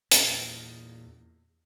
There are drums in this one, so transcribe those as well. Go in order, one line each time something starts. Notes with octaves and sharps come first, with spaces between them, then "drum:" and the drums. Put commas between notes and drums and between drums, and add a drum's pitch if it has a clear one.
E2 A#2, drum: hi-hat